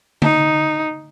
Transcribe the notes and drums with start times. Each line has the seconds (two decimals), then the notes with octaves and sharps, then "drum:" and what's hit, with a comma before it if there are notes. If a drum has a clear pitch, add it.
0.22 D#4, drum: tom D3